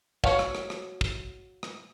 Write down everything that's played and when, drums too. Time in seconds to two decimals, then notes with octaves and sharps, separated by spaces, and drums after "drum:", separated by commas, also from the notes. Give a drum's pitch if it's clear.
0.24 F#4 B4 C#5 F5 F#5, drum: kick
0.39 drum: rim click
0.55 drum: rim click
0.70 drum: rim click
1.01 drum: kick
1.63 drum: rim click